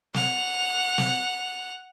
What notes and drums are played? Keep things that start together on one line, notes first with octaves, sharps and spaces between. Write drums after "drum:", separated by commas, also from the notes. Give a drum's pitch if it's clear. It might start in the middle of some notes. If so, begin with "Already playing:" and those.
F#5 F7, drum: snare
drum: snare